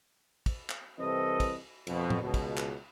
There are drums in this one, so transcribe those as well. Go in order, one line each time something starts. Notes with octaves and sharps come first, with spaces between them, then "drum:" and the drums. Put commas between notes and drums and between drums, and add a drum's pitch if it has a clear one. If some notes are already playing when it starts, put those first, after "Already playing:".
drum: kick, cymbal
drum: clap
C2 E3 C4 A4 B4 D#5
drum: kick, cymbal
F2 B2, drum: cymbal
drum: tom A2
C#2 B2
drum: kick, cymbal
drum: clap